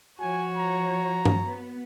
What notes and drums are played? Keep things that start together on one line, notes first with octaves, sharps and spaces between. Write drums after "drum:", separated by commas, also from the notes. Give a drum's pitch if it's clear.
F3 F#4 C#5 G#5
A#5
drum: tom G2
B3